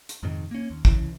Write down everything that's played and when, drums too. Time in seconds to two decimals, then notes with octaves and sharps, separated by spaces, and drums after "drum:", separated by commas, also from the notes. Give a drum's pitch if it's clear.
0.09 drum: hi-hat
0.23 F2 G#2 C3 D#3
0.51 A#3 C#4
0.70 D#2
0.85 C2 C#3 E3, drum: kick